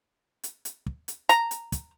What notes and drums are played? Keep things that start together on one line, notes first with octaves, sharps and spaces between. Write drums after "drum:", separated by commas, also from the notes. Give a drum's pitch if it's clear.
drum: hi-hat
drum: hi-hat
drum: kick
drum: hi-hat
A#5, drum: hi-hat
drum: hi-hat
drum: kick, hi-hat